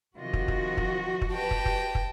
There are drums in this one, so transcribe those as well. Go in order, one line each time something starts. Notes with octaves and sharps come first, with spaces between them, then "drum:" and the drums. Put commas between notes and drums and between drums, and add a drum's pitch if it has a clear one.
C3 D#3 F3 F4 F#4 D#5
drum: kick
drum: kick
drum: kick
drum: kick
G4 B4 D#5 G5 A5
drum: kick
drum: kick
drum: kick